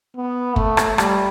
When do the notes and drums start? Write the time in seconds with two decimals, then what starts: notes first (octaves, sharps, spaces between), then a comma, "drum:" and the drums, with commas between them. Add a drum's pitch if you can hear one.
0.16 B3
0.56 A3, drum: kick
0.77 drum: rim click
0.98 G3, drum: rim click